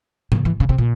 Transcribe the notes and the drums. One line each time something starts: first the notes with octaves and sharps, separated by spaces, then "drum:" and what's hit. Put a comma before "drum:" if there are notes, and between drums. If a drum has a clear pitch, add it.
C#3, drum: tom G#2
E3
C#3
C3
A#2